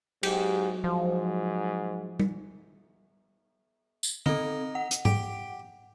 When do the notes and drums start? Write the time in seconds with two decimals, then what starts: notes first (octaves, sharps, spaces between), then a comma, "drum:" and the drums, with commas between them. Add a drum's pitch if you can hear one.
0.23 G#2 F#3 G4, drum: cymbal
0.84 G#2 F3
2.20 drum: tom G3
4.03 drum: tambourine
4.26 C4 D#4 A4, drum: tom D3
4.75 F#5
4.91 drum: hi-hat
5.05 G4, drum: tom G#2